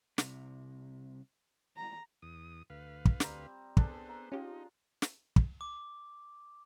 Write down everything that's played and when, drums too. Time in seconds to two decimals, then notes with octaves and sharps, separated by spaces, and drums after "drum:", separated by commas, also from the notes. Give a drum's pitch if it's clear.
0.18 C2 C3, drum: snare
1.77 A#5
2.22 E2 D#6
2.70 D2 B4 F5
3.05 drum: kick
3.20 G3 C4 A#5, drum: snare
3.77 B3 D4 G#4 A4 C5, drum: kick
4.09 A#5
4.32 C#4 D#4 F4 G4
5.02 drum: snare
5.36 drum: kick
5.61 D6